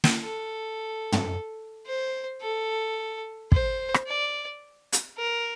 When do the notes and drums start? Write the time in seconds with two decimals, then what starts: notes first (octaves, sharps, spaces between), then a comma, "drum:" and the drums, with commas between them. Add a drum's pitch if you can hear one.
0.04 drum: snare
0.20 A4
1.12 drum: tom
1.86 C5
2.42 A4
3.52 C5, drum: kick
3.94 drum: rim click
4.07 D5
4.93 drum: hi-hat
5.18 A#4